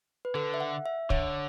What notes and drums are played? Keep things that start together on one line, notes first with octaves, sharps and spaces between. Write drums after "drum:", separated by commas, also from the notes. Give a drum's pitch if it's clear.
B4
D3 A4
E5
F#5
E5
D3 C#5, drum: kick